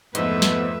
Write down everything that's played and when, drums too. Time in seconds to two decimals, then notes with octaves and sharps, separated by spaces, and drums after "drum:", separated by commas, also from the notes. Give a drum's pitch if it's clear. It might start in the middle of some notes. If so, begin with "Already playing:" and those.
0.15 F2 G#2 F3 A3 B3 B4 D#5 E5, drum: hi-hat
0.42 drum: snare